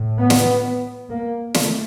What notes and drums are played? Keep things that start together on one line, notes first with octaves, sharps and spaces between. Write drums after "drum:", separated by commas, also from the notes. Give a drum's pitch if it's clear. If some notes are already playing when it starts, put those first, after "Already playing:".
Already playing: A2
B3
drum: snare
A#3
A3, drum: snare